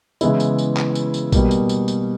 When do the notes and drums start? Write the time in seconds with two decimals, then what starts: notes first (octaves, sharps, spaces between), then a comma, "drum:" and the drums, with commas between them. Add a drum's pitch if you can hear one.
0.21 C#3 E3 G#3 B3 E4, drum: tambourine
0.40 drum: tambourine
0.58 drum: tambourine
0.77 drum: clap
0.95 drum: tambourine
1.14 drum: tambourine
1.32 B2 G3 A#3, drum: kick A#1, tambourine
1.51 drum: tambourine
1.69 drum: tambourine
1.88 drum: tambourine